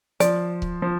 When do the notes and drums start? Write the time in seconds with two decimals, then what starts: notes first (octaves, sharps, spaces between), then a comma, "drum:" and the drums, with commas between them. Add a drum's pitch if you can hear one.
0.20 F3 D5, drum: hi-hat
0.62 drum: kick C#1
0.82 F3